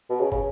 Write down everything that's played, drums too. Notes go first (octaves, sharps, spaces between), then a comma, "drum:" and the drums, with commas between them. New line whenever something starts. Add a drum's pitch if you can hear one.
B2
C#3
C#3, drum: kick